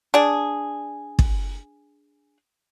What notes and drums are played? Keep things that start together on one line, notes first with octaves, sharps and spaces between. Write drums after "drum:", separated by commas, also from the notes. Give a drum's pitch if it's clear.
D4 G#4
drum: kick